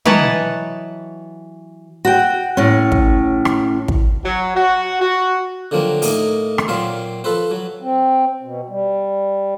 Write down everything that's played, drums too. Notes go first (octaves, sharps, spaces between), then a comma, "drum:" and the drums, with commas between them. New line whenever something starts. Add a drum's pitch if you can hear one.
E3 F#3 B4 C#5 D#5 A5, drum: tom
F#4 G5
A2 C#4
drum: kick
drum: rim click
drum: kick
F#3
F#4
F#4
D3 F3 F#3 A#3 C4
A2 A#3 D#4, drum: open hi-hat
drum: rim click
A#2 F#3 C4 F5 C6
F3 A4 B4 C5
F#3
C4
B2
G3